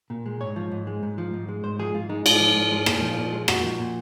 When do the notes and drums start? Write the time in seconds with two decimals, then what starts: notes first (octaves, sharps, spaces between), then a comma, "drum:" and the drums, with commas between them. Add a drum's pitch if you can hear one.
0.10 A#2
0.26 G#3
0.41 G#2 C#5
0.56 F3
0.71 G#2
0.87 G#3
1.03 G#2
1.18 F3
1.34 G#2
1.49 G#3
1.64 G#2 C5
1.79 F3 G#4
1.94 G#2 F4
2.09 G#3 D#4
2.26 G#2 F4, drum: cymbal
2.41 F3
2.56 G#2
2.71 G#3
2.86 A#2, drum: rim click
3.02 F3
3.18 A#2
3.33 G#3
3.48 A#2 F#4, drum: rim click
3.64 F3
3.79 A#2